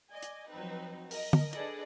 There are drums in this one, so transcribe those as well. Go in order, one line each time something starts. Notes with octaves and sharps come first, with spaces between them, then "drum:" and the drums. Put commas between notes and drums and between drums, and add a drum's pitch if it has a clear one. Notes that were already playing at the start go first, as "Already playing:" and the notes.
D5 D#5 G#5
drum: hi-hat
F3 F#3 C4 D#4 B4
A#4 D#5, drum: open hi-hat
drum: tom
D4 G#4 A4 B4 D5 D#5, drum: hi-hat